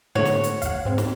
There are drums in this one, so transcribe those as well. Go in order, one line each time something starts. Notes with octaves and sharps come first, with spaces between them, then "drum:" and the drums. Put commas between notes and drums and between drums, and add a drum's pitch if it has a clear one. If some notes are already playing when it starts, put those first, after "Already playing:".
A2 D3 A3 F#4 C#5
drum: snare
drum: hi-hat
F5 F#5, drum: kick, hi-hat
G#2 C4
drum: snare